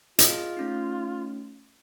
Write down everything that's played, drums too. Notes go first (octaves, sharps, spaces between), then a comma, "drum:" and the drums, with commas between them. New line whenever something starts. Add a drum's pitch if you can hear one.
F4 G#4 D#5, drum: hi-hat
A3 C#4 D#4